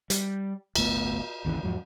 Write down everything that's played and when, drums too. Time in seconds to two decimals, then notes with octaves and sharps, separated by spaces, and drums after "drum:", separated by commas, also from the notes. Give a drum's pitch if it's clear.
0.10 G3, drum: hi-hat
0.75 D1 G1 A3 B3, drum: cymbal
1.45 G#1 D#2 C#3 E3
1.63 E2 G#2 F3 F#3